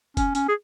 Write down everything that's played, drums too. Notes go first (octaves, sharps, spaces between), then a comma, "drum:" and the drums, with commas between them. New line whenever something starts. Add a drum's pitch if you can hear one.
C#4, drum: kick, hi-hat
C#4, drum: hi-hat
G#4